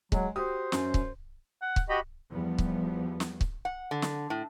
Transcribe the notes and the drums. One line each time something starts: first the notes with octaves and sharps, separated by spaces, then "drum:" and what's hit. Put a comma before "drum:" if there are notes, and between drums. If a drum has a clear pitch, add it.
F#3 G#3, drum: kick C#1
F#4 G4 C5 D#6
F#2 C#4, drum: snare
drum: kick C#1
F#5
drum: kick C#1
F#4 G4 D#5 B5
E2 F3 G3 B3
drum: kick C#1
drum: snare
drum: kick C#1
F#5
D3
drum: snare
A2